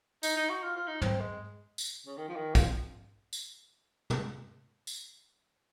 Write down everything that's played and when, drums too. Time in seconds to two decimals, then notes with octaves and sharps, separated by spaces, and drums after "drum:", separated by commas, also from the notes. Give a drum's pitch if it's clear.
0.23 D#4, drum: tambourine
0.37 D#4
0.49 F#4
0.63 F4
0.76 F4
0.87 D#4
1.02 C4, drum: tom
1.20 G#3
1.78 drum: tambourine
2.06 C#3
2.17 D#3
2.29 F3
2.36 D#3
2.55 F3, drum: kick, tambourine
3.33 drum: tambourine
4.10 drum: tom
4.87 drum: tambourine